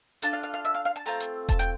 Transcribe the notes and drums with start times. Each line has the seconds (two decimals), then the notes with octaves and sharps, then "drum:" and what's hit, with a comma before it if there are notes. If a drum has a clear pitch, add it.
0.22 D4 F4 A4 A5, drum: hi-hat
0.33 F5
0.43 F5
0.54 F5
0.65 E5
0.75 F5
0.85 F5
0.96 A5
1.06 A3 C4 F4 A#5
1.20 drum: hi-hat
1.49 A5, drum: kick E1, hi-hat
1.59 G5, drum: hi-hat